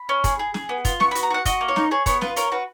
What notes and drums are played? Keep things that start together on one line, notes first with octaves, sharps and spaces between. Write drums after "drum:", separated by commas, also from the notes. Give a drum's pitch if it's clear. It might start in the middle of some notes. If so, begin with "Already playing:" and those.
Already playing: B5
C#4
G#4, drum: kick, hi-hat
G#4
G#4, drum: snare
B3
F4, drum: kick, hi-hat
B3 C#6, drum: snare
B5
F#4, drum: hi-hat
A#5
F#4 F#5
F#4 D#5, drum: kick, hi-hat
A#3
C#5
D#4, drum: snare
G#4 C#5
B3 C#5, drum: kick, hi-hat
F4 B4, drum: snare
C#4 A#4, drum: hi-hat
F#4 B4